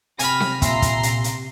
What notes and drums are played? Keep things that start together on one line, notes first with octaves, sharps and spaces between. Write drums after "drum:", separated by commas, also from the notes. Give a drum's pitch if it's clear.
C3 G#5 B5 F6 A#6, drum: hi-hat
drum: snare C4
A#2 E5 A#5 C6 C7, drum: kick, hi-hat
drum: kick, hi-hat
drum: hi-hat
drum: hi-hat